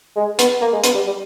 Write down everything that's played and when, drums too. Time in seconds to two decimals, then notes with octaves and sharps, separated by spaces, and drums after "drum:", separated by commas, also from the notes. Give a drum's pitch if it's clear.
0.16 G#3
0.39 B3, drum: hi-hat
0.61 A#3
0.73 G#3
0.84 B3, drum: hi-hat
0.95 G3
1.06 G3